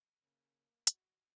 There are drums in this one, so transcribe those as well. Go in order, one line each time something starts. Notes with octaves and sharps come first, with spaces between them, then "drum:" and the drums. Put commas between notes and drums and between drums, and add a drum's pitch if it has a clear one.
C#3 A#3
F#4, drum: hi-hat